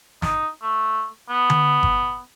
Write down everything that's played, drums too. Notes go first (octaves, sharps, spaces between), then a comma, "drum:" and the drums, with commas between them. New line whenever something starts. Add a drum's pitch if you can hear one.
D#4, drum: snare
A3
B3
drum: tom D3
drum: kick G1